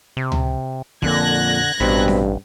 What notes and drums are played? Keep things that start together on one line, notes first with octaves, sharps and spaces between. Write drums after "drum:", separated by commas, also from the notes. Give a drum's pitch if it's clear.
C3
drum: tom C#2
F2 A#2 D3 F#6 G#6 A#6, drum: kick
A1 G2 B2 C4 B5
drum: snare C#4